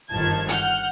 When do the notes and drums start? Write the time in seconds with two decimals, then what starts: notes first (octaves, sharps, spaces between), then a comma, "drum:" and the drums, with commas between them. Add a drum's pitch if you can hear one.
0.11 G1 D#3 F3 A5 G#6
0.49 F#5 F6 G6, drum: hi-hat